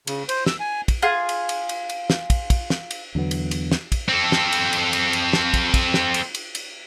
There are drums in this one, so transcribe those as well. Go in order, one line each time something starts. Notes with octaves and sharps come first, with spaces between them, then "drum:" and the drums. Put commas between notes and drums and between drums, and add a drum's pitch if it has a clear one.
C#3, drum: cymbal
C5, drum: cymbal
E6, drum: snare
G#5
drum: kick, cymbal
F4 G#4
drum: cymbal
drum: cymbal
drum: cymbal
drum: cymbal
drum: snare
drum: kick, cymbal
drum: kick, cymbal
drum: snare
drum: cymbal
E2 D3 F#3 B3
drum: cymbal
drum: cymbal
drum: snare
drum: kick, cymbal
C4 A4
drum: snare
drum: cymbal
drum: cymbal
drum: cymbal
drum: cymbal
drum: snare
drum: kick, cymbal
drum: kick, cymbal
drum: snare
drum: cymbal
drum: cymbal
drum: cymbal